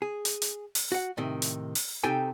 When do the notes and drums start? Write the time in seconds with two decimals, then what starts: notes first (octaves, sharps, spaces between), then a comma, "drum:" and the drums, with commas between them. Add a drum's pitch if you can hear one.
0.02 G#4
0.25 drum: hi-hat
0.42 drum: hi-hat
0.75 drum: open hi-hat
0.92 F#4 F#5
1.17 A2 C3 D#3
1.42 drum: hi-hat
1.75 drum: open hi-hat
2.04 C3 D#4 G4 A4 G5 G#5